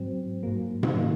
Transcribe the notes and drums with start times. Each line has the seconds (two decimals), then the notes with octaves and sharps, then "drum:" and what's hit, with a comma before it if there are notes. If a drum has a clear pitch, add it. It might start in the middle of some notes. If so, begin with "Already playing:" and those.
Already playing: G#2 F#3 C4
0.43 G#2 F#3 A#3
0.83 drum: tom G#2
0.96 D#3 A#3 D#4